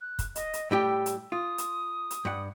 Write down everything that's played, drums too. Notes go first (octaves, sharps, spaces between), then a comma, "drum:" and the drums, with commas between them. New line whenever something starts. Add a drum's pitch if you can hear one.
F#6
drum: kick, hi-hat
D#5, drum: hi-hat
drum: hi-hat
A2 G3 G4 E6
drum: hi-hat
F4 D#6
drum: hi-hat
drum: hi-hat
G2 F#5